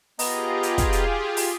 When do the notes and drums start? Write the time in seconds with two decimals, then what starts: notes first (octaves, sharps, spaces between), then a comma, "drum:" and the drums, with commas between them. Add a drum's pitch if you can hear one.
0.19 B3 F4 G4 G#4 D#5 A#5, drum: open hi-hat
0.63 drum: hi-hat
0.78 drum: kick, hi-hat
0.92 drum: hi-hat
1.37 drum: open hi-hat